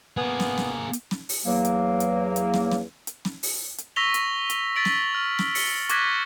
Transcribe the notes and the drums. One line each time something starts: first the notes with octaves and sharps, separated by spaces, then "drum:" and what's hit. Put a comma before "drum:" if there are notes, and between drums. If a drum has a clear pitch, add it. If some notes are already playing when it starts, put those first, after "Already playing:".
A#3 B3 G#4
drum: snare
drum: snare
drum: hi-hat
drum: snare
drum: open hi-hat
E2 F#3 A#3
drum: hi-hat
drum: hi-hat
drum: hi-hat
drum: snare
drum: snare
drum: hi-hat
drum: snare
drum: open hi-hat
drum: hi-hat
C#6 E6 A#6 B6 F7 G7
drum: hi-hat
drum: hi-hat
A6 B6 D7 F#7
drum: snare
F6
drum: snare
C#7 G7, drum: open hi-hat
C#6 D6 F#6 G#6 A#6 B6, drum: hi-hat